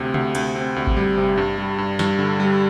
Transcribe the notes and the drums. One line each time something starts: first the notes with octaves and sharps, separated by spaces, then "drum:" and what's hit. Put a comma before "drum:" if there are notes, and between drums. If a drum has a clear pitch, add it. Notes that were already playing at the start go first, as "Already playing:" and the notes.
Already playing: D2 C3
D2, drum: tom C3
D2, drum: cymbal
C4
D2
drum: kick G#1
G3
C3
G2
G3
G2
G2, drum: snare
D3
G3